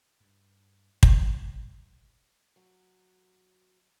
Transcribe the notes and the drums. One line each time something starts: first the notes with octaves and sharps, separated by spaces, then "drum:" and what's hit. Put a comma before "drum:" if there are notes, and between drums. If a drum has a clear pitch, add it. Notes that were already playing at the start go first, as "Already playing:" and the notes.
G2
G3, drum: kick
F#3